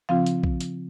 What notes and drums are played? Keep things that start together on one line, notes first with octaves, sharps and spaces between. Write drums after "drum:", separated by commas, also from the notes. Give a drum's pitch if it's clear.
C#3 F3 C4 F4 F5
drum: hi-hat
drum: kick A#1
drum: hi-hat